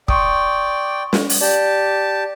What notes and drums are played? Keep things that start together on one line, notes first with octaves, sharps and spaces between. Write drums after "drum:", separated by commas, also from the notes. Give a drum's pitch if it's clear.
D5 G5 C6 C#6 D#6, drum: kick
drum: snare
drum: open hi-hat
G4 D5 A5